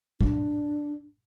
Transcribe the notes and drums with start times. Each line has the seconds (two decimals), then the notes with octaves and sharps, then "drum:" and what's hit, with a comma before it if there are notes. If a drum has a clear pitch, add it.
0.21 D4, drum: kick